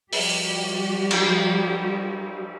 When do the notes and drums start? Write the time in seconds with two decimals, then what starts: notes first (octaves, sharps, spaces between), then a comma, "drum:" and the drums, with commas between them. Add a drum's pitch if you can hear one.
0.13 F3 G3 F#4 G4 D5, drum: open hi-hat
1.11 drum: cymbal